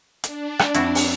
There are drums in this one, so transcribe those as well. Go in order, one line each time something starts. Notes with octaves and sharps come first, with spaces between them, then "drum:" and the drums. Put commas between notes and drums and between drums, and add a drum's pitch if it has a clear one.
D4, drum: hi-hat
drum: rim click
F2 E4 F#4, drum: hi-hat
drum: open hi-hat